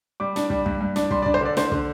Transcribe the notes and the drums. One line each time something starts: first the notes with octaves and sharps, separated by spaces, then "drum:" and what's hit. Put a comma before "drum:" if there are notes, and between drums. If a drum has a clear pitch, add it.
G3 D6
D4, drum: snare
G3, drum: kick
G2, drum: kick
G2
D4, drum: snare
G3 C6, drum: kick
D5
D4, drum: kick
C5
D3 D5
D3 C5, drum: snare
D3, drum: kick